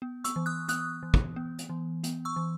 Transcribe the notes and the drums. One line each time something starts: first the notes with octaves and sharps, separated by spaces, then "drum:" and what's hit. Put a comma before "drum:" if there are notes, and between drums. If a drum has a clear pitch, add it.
B3
C#6 E6, drum: hi-hat
E3
D#6 F#6
B3 D#6 F#6, drum: hi-hat
E3
drum: kick
B3
drum: hi-hat
E3
B3, drum: hi-hat
C#6 E6
E3